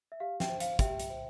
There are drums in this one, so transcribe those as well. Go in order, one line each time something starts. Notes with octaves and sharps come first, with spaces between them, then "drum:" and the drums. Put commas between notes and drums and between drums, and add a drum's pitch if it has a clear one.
E5
G4 F5
E5 G5, drum: snare
C5
F5, drum: hi-hat
G4 E5 G5, drum: kick, hi-hat
drum: hi-hat
C5